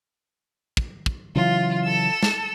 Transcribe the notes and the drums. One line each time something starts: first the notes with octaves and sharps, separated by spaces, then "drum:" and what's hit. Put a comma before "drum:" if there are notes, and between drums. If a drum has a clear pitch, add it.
drum: kick
drum: kick
C#3 E3 F#3 F4
A4 E6
drum: snare